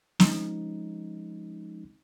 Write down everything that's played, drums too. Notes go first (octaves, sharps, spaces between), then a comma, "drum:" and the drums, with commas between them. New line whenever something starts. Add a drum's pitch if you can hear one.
F3 G#3 C4 C#4 D#4, drum: snare